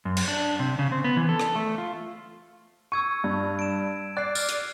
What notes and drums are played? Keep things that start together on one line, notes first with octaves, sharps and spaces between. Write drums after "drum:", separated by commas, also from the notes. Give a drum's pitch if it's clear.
F#2
drum: cymbal
D4
C3
C#3
C4
B3
E3
A4
drum: rim click
A3
F4
C#6 E6 G#6 D#7
G2
D7 E7
D5 F#6 C7
F6, drum: tambourine
drum: hi-hat